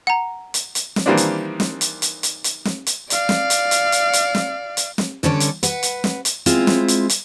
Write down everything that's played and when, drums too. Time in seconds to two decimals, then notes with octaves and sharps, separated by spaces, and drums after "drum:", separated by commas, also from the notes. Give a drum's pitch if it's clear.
0.07 F#5 A#5
0.54 drum: hi-hat
0.75 drum: hi-hat
0.96 drum: snare
1.06 D#3 E3 G3 A#3 C4 D4
1.17 drum: hi-hat
1.60 drum: snare
1.81 drum: hi-hat
2.02 drum: hi-hat
2.23 drum: hi-hat
2.44 drum: hi-hat
2.65 drum: snare
2.87 drum: hi-hat
3.10 D5 F5, drum: hi-hat
3.29 drum: snare
3.50 drum: hi-hat
3.71 drum: hi-hat
3.92 drum: hi-hat
4.13 drum: hi-hat
4.35 drum: snare
4.77 drum: hi-hat
4.98 drum: snare
5.23 G2 D3 C#4 A4 C#5 D5
5.40 drum: hi-hat
5.63 B4 F#5, drum: hi-hat
5.83 drum: hi-hat
6.04 drum: snare
6.25 drum: hi-hat
6.46 G#3 C4 E4 F4, drum: hi-hat
6.67 drum: snare
6.88 drum: hi-hat
7.09 drum: hi-hat